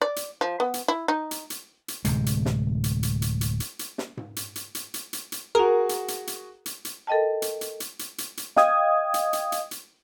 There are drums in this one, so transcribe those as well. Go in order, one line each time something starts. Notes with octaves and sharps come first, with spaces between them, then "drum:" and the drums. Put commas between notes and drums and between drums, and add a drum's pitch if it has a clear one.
D5
drum: hi-hat
F3
B3
drum: hi-hat
E4
D#4
drum: hi-hat
drum: hi-hat
drum: hi-hat
D1 C3 G#3, drum: hi-hat
drum: hi-hat
drum: snare
drum: hi-hat
drum: hi-hat
drum: hi-hat
drum: hi-hat
drum: hi-hat
drum: hi-hat
drum: snare
drum: tom G#2
drum: hi-hat
drum: hi-hat
drum: hi-hat
drum: hi-hat
drum: hi-hat
drum: hi-hat
F#4 G#4 A#4
drum: hi-hat
drum: hi-hat
drum: hi-hat
drum: hi-hat
drum: hi-hat
A4 A#4 D#5 G5 A5
drum: hi-hat
drum: hi-hat
drum: hi-hat
drum: hi-hat
drum: hi-hat
drum: hi-hat
D#5 F5 G5 D#6 G#6, drum: snare
drum: hi-hat
drum: hi-hat
drum: hi-hat
drum: hi-hat